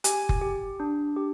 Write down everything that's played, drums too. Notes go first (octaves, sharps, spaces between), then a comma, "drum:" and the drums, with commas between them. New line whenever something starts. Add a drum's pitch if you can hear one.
G4 G#5, drum: hi-hat
drum: kick F#1
G4
D4
G4